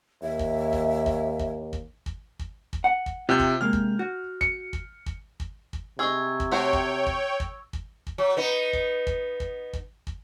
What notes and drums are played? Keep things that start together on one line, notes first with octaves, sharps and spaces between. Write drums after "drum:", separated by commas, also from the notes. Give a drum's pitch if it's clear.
D#2 E5
drum: kick
drum: kick
drum: kick
drum: kick
drum: kick
drum: kick
drum: kick
drum: kick
F#5
drum: kick
C3 F4 G5 G6
drum: kick
C3 G#3 A#3 F6
drum: kick
F#4
C#7, drum: kick
drum: kick
drum: kick
drum: kick
drum: kick
C3 D#4 G#4 C#6 E6 G#6
drum: kick
A3 F#4 C5 C#5 G5
drum: kick
drum: kick
drum: kick
drum: kick
drum: kick
F#3
B3 D#4
drum: kick
drum: kick
drum: kick
drum: kick
drum: kick